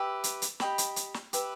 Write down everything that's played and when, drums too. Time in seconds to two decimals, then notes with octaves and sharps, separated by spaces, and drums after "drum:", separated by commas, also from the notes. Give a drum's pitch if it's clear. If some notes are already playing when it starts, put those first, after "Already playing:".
Already playing: G4 B4 E5
0.24 drum: hi-hat
0.42 drum: hi-hat
0.60 G4 D#5 G5 B5, drum: snare
0.78 drum: hi-hat
0.96 drum: hi-hat
1.14 drum: snare
1.33 G4 B4 E5, drum: hi-hat